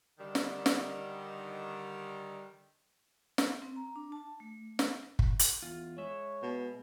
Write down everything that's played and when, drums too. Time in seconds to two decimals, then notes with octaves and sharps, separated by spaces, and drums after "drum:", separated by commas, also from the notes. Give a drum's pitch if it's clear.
0.19 D3 D#3 G3
0.35 drum: snare
0.66 drum: snare
3.38 drum: snare
3.62 C4
3.76 A#5
3.96 D4
4.12 A5
4.40 A3
4.79 drum: snare
5.19 drum: kick
5.39 drum: hi-hat
5.62 E2 F4
5.98 G#3 C#5 E5
6.43 B2